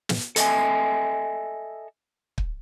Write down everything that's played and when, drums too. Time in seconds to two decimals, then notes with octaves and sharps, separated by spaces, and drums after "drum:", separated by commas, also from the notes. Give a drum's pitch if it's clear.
0.09 drum: snare
0.36 A4 D#5 E5 G#5, drum: hi-hat
2.38 drum: kick